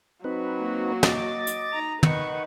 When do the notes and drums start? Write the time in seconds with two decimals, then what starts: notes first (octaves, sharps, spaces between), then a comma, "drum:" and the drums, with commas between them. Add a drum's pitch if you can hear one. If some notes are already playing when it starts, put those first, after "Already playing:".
0.24 F#3 C4 D#4 B4
0.59 A#3 F#4
1.03 D#5 D6 A6, drum: snare
1.47 drum: hi-hat
1.73 D#4 A#5
2.03 D#3 B4 F#5 C#6, drum: tom